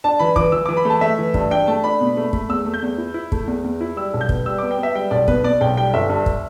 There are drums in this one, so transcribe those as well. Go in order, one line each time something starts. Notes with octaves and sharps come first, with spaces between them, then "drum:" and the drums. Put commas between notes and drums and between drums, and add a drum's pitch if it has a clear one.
D4 A5
E3 B5
E3 D6, drum: kick
E3 E6
E3 D6
B5
A3 A5
A3 E5
E3
G2, drum: kick
D4 G5
A3 A5
D4 B5
B2
A3
A3, drum: kick
E2 E6
A3
G6
E2
E4
E4
A3, drum: kick
E2
E2
E4
G3 E6
B1
G6
B3, drum: kick
G3 E6
B3 D6
G5
B3
E5
G3 G5
B1 D5
B2 B4, drum: kick
B2 D5
B1 G5
G3 G5
G1 E5
G2
drum: kick